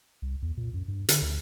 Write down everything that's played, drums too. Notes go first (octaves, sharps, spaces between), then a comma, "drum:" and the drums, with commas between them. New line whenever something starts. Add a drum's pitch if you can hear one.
C2
E2
A#2
F#2
G2
D3, drum: hi-hat
D2